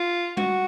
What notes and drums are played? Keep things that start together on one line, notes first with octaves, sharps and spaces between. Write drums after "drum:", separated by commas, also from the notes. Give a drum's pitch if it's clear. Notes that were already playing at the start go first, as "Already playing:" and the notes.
Already playing: F4
F#4, drum: tom G3